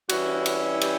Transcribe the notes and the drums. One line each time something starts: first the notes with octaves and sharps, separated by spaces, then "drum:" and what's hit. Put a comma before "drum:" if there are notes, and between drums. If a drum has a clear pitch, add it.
E3 G3 C#4 E4 F#4, drum: cymbal
drum: cymbal
G4, drum: cymbal